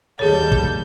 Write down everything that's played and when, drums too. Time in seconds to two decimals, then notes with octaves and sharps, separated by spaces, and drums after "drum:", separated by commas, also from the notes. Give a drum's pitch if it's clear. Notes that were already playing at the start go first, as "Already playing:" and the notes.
0.19 D#2 G3 G#4 A4 C#5 G6
0.52 drum: kick